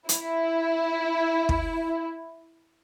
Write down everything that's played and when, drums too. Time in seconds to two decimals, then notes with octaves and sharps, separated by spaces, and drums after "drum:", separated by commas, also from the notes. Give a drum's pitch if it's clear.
0.09 E4, drum: hi-hat
1.49 drum: kick